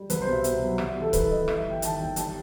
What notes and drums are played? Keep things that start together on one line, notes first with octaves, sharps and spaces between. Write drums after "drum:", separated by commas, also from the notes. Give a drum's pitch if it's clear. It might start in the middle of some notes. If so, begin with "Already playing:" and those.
Already playing: G3
C2 B4, drum: hi-hat
C5
B2
E5
B2, drum: hi-hat
F#3
G3 E5, drum: rim click
E3
A4
E3 B4, drum: kick, hi-hat
G1 D#5
G3 E5, drum: rim click
G3 G5
D#3 A5, drum: hi-hat
D#2 G5
G3 A5, drum: hi-hat